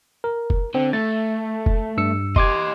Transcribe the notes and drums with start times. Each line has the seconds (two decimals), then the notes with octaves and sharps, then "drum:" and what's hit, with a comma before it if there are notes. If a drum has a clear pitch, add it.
0.24 A#4
0.50 drum: kick F1
0.75 D3 C4
0.93 A3 A6
1.66 drum: kick F1
1.97 G2 E6 C#7
2.36 G4 D#5 C6 D6 G#6, drum: kick F1